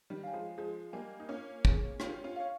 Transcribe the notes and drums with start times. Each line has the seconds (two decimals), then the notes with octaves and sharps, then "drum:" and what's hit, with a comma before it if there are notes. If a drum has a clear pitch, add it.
0.10 D#3 G3
0.23 C#5 F5 G#5
0.33 F3 G#3
0.58 F3 G#3 G#4
0.93 G3 A#3 D#5 G#5
1.20 D#4
1.29 A#3 C#4 F4
1.65 G#4 C#5, drum: kick
2.00 C#4 F4 G4, drum: rim click
2.24 C#4 F4
2.36 C#5 F5